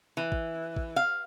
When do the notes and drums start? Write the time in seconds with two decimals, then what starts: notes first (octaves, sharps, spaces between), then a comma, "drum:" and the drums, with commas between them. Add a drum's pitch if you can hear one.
0.17 E3
0.32 drum: kick A1
0.76 drum: kick A1
0.96 F5